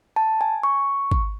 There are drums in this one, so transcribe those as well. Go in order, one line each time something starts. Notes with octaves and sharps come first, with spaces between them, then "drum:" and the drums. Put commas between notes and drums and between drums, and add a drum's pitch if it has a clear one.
A5
G#5
C#6
drum: kick G#1